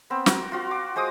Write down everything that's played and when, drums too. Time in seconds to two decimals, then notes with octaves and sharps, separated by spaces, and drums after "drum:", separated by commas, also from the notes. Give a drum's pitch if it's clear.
0.10 B3 C4
0.26 F#4 A#4, drum: snare
0.52 F4 F#4 F5
0.71 D6
0.96 G#3 C5 D6 D#6